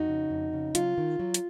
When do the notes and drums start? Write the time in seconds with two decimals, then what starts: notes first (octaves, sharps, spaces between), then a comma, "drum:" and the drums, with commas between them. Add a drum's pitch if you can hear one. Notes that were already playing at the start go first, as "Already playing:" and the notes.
Already playing: F2 D#4 F#4
0.09 C#3
0.30 F2
0.53 C#3
0.75 F#3 F4, drum: hi-hat
0.98 D#3
1.19 F#3
1.34 drum: hi-hat